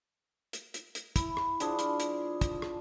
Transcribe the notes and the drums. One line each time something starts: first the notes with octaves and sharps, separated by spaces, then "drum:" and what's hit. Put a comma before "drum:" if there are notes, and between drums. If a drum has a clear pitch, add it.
drum: hi-hat
drum: hi-hat
drum: hi-hat
E4, drum: kick, hi-hat
drum: rim click
F3 D4 E4 G#4 A5, drum: hi-hat
F4, drum: hi-hat
drum: hi-hat
drum: kick, hi-hat
drum: rim click